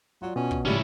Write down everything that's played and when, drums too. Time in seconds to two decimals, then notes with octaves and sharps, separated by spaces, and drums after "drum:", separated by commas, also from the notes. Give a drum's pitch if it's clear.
0.22 F#3 F4 D5
0.36 B2 C#4
0.51 drum: kick
0.65 A2 C#3 F3 G3 C#4 E4